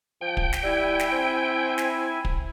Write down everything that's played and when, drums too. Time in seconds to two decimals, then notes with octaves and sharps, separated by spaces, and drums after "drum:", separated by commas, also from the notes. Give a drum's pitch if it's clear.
0.21 F3 G5
0.37 drum: kick
0.53 drum: snare
0.63 G3 E4 G#5
0.99 drum: snare
1.12 C4
1.78 drum: snare
2.25 drum: kick